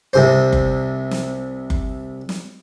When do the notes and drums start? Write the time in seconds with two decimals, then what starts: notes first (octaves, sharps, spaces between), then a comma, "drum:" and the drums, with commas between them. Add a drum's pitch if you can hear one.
0.13 C2 C3 C5
0.53 drum: kick F#1
1.11 drum: snare
1.70 drum: kick F#1
2.29 drum: snare